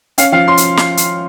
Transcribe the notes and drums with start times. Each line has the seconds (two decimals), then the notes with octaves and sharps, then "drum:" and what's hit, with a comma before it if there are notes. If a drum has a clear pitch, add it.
0.18 C#4 F5, drum: hi-hat
0.32 F3 F5
0.47 C#4 C6
0.57 drum: hi-hat
0.77 drum: snare
0.97 drum: hi-hat